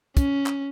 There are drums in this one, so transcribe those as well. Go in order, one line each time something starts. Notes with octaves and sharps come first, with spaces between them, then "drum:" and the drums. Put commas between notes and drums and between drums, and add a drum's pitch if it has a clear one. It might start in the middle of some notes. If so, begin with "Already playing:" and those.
C#4, drum: kick, hi-hat
drum: clap